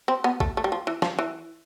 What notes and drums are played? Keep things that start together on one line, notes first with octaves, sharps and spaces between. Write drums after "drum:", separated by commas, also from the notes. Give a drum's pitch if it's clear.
C4
B3
A3, drum: kick
A3
G3
F3
E3
F3, drum: snare
E3